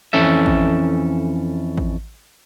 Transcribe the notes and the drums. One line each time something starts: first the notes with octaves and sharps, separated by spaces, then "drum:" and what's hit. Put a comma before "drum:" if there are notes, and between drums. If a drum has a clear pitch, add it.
F2 E3 C#4 A4 E5
drum: kick A1
drum: kick A1